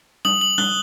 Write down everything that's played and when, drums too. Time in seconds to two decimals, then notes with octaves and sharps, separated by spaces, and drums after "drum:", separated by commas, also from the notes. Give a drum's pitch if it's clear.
0.25 D#6 F#7, drum: tom G3
0.41 F#7
0.58 F#6 G7, drum: tom G3